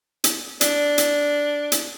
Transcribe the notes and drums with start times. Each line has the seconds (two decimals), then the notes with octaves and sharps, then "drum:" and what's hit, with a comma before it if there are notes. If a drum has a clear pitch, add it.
0.24 drum: hi-hat
0.61 D4, drum: hi-hat
0.98 drum: hi-hat
1.72 drum: hi-hat